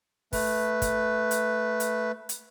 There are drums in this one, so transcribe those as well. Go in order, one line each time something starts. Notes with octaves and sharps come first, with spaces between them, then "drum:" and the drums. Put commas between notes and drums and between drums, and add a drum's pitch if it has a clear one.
A3 B4, drum: kick, open hi-hat
drum: kick, hi-hat
drum: hi-hat
drum: hi-hat
drum: hi-hat